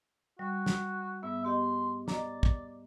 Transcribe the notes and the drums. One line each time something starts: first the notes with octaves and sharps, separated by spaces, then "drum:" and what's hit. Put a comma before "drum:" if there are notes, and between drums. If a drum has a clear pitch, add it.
G3 F#4
drum: snare
G#2 B3 E5
B3 G4 D#5 C6
D5 D#5 A#5, drum: snare
drum: kick